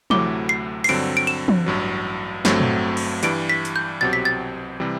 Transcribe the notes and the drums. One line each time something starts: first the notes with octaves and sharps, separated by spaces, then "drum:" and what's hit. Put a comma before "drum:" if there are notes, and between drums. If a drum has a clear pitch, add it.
D2 C3 F#3 A3 E4 D6, drum: tom
C7
C7, drum: cymbal
G2 D3 F#3 C4 D7
D7
E7, drum: cymbal
drum: tom
A1 G2 F#3
G1 G2 F#3 A3 C4, drum: snare
drum: tom
drum: cymbal
G2 E3 G3 D7, drum: hi-hat
B6
drum: hi-hat
G6
C2 B2 F#3 C4 G4 A6
B6
A6
C3 E3 G3 C4